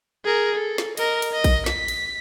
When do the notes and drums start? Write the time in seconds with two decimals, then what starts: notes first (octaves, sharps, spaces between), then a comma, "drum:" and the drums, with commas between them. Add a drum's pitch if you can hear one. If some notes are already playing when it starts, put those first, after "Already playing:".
0.25 G#4 A#4
0.55 A4
0.78 drum: snare
0.97 A#4 D#5, drum: cymbal
1.22 drum: cymbal
1.33 D#5
1.44 drum: kick A#1, cymbal
1.66 B6, drum: snare
1.88 drum: cymbal